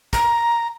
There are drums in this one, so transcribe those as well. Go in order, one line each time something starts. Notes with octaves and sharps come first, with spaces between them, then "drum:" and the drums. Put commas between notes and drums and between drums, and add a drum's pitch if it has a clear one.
A#5, drum: kick